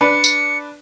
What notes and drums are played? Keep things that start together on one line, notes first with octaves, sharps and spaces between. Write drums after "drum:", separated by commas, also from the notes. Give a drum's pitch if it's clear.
D4 B4 C#7
drum: tambourine